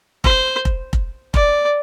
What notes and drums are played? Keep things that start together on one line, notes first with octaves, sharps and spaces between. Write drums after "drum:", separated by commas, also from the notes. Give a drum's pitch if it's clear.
C5, drum: kick F1
drum: kick F1
drum: kick F1
D5, drum: kick F1